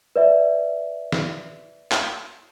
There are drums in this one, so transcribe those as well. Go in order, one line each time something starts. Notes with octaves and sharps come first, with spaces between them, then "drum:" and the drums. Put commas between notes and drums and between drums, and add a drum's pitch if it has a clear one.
B4 D5 E5
drum: snare
drum: clap